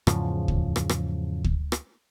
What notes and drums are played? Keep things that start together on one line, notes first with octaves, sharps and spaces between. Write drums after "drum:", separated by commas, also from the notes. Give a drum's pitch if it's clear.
E2 G#2 C#3 F3, drum: rim click
drum: kick
drum: rim click
drum: rim click
drum: kick
drum: rim click